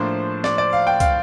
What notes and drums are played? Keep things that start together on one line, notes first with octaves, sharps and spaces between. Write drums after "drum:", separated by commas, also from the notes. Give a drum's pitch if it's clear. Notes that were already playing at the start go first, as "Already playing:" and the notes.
Already playing: A2 F3 A#3 D4 C5
D5, drum: snare
D5
F5
G5
F5, drum: kick, hi-hat